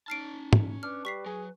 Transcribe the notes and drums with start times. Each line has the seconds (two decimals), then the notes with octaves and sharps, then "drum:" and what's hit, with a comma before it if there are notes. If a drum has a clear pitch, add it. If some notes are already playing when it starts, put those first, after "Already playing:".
0.08 C#4 D#4 A5 F6 C7 D7
0.53 drum: tom
0.83 D4 B4 F6
1.05 G3 C#6 B6 C7
1.26 F#3 G#4